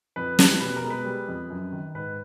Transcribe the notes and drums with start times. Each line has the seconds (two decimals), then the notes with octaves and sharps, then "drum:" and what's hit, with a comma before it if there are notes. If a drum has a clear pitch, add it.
0.16 F2 B4
0.39 G3, drum: snare
0.61 B2 B4
0.76 A#4
0.83 G#3
0.90 B4
1.05 G3
1.28 F2
1.50 F#2
1.72 D#3
1.95 G#2 B4